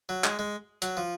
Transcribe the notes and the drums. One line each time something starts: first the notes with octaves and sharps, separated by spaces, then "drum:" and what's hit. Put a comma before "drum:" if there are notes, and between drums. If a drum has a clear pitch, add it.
F#3
G#3, drum: clap
G#3
F#3, drum: hi-hat
F3